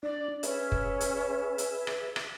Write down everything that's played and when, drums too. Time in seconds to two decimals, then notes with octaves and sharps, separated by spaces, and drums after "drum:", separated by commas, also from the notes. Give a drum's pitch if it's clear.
0.03 D4 D5
0.43 C#4 G#4 B4 E5, drum: hi-hat
0.72 drum: kick
1.01 drum: hi-hat
1.58 drum: hi-hat
1.87 drum: rim click
2.16 drum: rim click